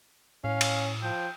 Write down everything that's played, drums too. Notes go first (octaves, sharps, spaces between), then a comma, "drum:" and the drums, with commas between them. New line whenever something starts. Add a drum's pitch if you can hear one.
A2 C#4 F5
drum: cymbal
F3 G5